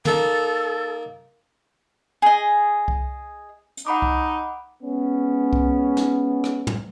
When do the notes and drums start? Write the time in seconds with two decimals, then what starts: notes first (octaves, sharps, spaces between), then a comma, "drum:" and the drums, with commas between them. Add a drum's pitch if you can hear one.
0.05 A#3 D#4 A4, drum: tom
2.22 G#4 D#5
2.88 drum: kick C2
3.77 drum: hi-hat
3.87 D#4 F#5 B5 D6
4.02 drum: kick C2
4.83 G#3 B3 C#4
5.53 drum: kick C2
5.97 drum: snare
6.44 drum: rim click
6.67 drum: tom